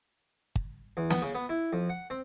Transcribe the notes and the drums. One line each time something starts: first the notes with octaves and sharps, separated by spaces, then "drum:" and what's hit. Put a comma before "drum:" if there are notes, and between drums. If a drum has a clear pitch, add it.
drum: kick
E2
B3, drum: snare
C#3
B3
E4
F2
F#5
C4